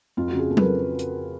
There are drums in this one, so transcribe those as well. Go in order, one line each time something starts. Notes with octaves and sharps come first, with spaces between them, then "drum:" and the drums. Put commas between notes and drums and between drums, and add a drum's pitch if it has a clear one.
F2 F4
F#4
C#3
G#4
F2 A4
B4, drum: tom F#3
A#4
drum: hi-hat